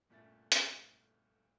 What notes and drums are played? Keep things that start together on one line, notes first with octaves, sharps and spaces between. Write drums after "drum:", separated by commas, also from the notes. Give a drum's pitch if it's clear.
G1 A#2 A3 C#4 A6
drum: hi-hat